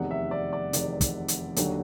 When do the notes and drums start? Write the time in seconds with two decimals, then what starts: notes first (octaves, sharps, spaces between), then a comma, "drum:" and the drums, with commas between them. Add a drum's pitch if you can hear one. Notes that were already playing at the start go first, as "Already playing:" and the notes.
Already playing: F1 E2 C3 D#3 F#5
0.11 E5
0.31 D5
0.53 D5
0.73 F1 E2 C3 D#3, drum: hi-hat
1.01 drum: kick, hi-hat
1.28 drum: hi-hat
1.56 D#2 D3 F#3, drum: hi-hat